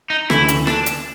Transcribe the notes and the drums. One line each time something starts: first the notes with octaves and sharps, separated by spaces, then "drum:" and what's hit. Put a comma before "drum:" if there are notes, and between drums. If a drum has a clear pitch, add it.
D#4
D2 C#3 E3 A3 E4, drum: rim click
drum: hi-hat
D4, drum: rim click
drum: hi-hat